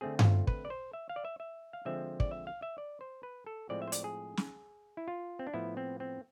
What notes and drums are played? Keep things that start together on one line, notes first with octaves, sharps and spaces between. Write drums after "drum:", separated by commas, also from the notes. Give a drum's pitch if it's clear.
D3 A3 C4 G#4
G#4, drum: tom G2
F4
B4, drum: kick
D5
C5
E5
F5
D5
E5
E5
F5
D3 F3 G#3 C4 E5
D5, drum: kick
E5
F5
E5
D5
C5
B4
A4
A2 F3 G#3 C4 D5
E5
C5
D5, drum: hi-hat
G#4
drum: snare
E4
F4
C4
D4
A2 F3 B3 E4
C4
C4